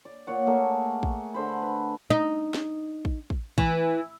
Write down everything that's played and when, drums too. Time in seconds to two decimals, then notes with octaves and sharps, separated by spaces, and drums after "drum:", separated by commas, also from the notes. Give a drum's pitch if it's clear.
0.05 D5
0.27 A#2 C#5 F#5
0.46 A3 A#3 G#4
1.03 drum: kick
1.34 D3 C5 B5
1.62 B4
2.10 D#4
2.54 drum: snare
3.05 drum: kick
3.30 drum: kick
3.58 E3, drum: kick